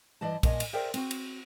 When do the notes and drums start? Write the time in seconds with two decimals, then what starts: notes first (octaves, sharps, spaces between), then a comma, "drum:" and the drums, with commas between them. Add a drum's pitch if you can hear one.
0.21 G2 E3 D5 D#5 A5
0.43 A#2 D#5 G#5, drum: kick, cymbal
0.60 drum: cymbal
0.73 G#4 A#4 C5 D5 E5 G5
0.94 C4 F#4, drum: cymbal
1.11 drum: cymbal